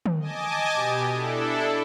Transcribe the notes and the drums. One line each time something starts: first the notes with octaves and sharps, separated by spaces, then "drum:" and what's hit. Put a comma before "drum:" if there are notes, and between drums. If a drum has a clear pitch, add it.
drum: tom
D#5 G#5 A5 D6
B2 G4
D4 E4 A4